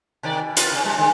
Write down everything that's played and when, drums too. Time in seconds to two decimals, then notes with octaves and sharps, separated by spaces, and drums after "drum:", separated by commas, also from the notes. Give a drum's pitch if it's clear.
0.23 C3 D#3 D5
0.39 B2
0.57 F4 B4, drum: hi-hat
0.72 C#3 C#4
0.85 G3 G#3
0.98 D3 G#3